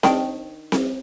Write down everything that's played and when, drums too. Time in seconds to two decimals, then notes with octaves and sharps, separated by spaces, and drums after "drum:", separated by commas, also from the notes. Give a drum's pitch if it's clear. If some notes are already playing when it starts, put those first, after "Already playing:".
0.03 D#3 D4 G5, drum: snare C4
0.72 drum: snare C4